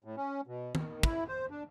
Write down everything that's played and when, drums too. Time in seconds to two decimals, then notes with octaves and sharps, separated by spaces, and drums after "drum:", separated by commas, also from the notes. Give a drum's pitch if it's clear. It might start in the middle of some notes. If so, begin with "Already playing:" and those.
0.04 A2
0.17 C#4
0.47 B2
0.75 D#3, drum: tom D#3
1.03 E4, drum: kick
1.28 C5
1.51 D4